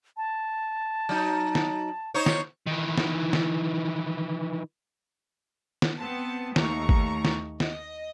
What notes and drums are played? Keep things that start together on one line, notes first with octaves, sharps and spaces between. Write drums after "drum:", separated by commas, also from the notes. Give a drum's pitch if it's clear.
A5
F#3 D#4
drum: snare
D#4 C5 C#5
drum: snare
D#3 E3
drum: snare
drum: snare
drum: snare
B3 C4 A5
D#2 A3 A#5 C#6, drum: snare
drum: kick G#1
drum: snare
D#5, drum: snare